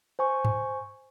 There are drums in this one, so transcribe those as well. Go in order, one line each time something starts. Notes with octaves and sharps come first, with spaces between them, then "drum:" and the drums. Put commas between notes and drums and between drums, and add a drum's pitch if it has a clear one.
C5 G#5 C#6
drum: tom G2